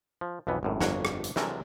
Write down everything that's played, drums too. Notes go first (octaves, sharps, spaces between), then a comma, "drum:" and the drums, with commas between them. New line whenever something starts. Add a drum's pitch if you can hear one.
F3
B1 F2 E3 B3
G#1 F#2 A2
G1 F2 A#3 F#4 C#5 F#5, drum: snare
drum: rim click
drum: hi-hat
C3 E3 F#3 G#3 A4 A#4, drum: snare